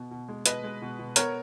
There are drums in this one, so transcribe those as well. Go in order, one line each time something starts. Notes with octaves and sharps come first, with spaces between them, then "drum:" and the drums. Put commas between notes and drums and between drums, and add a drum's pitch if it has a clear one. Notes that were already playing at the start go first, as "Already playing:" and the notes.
Already playing: B2 B3
B2
G#3
B2 B4 D#5, drum: hi-hat
G#3
B2
B2
B3 A#4 C#5, drum: hi-hat